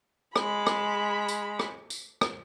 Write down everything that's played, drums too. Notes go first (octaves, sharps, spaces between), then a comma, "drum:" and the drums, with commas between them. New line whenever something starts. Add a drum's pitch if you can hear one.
G#3 B5, drum: rim click
drum: rim click
drum: tambourine
drum: rim click
drum: tambourine
drum: rim click